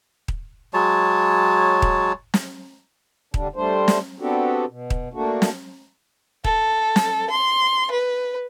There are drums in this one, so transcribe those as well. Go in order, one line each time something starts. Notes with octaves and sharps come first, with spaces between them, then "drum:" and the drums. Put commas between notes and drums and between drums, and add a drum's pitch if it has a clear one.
drum: kick D#1
F#3 G#3 C#5 A5
drum: kick D#1
drum: snare
D3 G3 D4, drum: kick D#1
G3 A3 D4 C5
drum: snare
B3 C4 D4 F#4 G4 A4
B2
drum: kick D#1
A3 A#3 D4 F#4
drum: snare
A4, drum: kick D#1
drum: snare
C6
B4